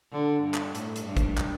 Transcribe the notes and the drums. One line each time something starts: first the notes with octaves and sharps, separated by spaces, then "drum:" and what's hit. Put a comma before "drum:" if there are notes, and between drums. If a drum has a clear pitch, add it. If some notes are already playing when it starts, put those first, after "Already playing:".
D3
G2
drum: clap
A2, drum: hi-hat
drum: hi-hat
G2
drum: kick G#1, hi-hat
drum: clap